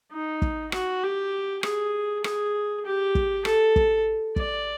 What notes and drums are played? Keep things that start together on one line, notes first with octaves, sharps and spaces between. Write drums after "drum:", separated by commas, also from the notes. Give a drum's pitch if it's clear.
D#4
drum: kick
F#4, drum: rim click
G4
G#4, drum: rim click
G#4, drum: rim click
G4
drum: kick
A4, drum: rim click
drum: kick
D5, drum: kick